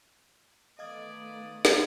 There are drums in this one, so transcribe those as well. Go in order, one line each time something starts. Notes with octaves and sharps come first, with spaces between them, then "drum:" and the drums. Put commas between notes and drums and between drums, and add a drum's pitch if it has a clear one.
D#3 A3 B3 D5 D#5 F5 D#6 G#6
drum: snare